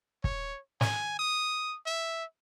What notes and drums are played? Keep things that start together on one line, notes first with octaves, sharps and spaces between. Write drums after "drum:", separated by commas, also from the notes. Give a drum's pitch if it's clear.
C#5, drum: kick
G#5, drum: snare
D#6
E5